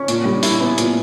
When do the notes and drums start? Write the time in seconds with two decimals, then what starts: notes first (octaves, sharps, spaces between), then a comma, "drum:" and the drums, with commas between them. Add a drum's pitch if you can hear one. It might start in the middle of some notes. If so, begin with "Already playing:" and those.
Already playing: C#4 C#6
0.08 A#2, drum: hi-hat
0.25 G3
0.43 E4, drum: open hi-hat
0.61 B3
0.78 A#2, drum: hi-hat